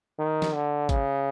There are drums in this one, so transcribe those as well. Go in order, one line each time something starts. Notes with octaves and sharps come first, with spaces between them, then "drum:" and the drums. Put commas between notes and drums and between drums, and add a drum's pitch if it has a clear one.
D#3
drum: snare
D3
C#3, drum: kick G#1, hi-hat